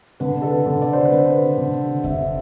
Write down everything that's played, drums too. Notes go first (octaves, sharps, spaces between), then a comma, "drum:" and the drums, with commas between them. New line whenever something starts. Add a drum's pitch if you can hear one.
D3 B4, drum: hi-hat
A4
B4
D3
D5, drum: hi-hat
C5
B4
D3, drum: hi-hat
C5
drum: open hi-hat
D3
drum: open hi-hat
D3 E5, drum: kick F1, hi-hat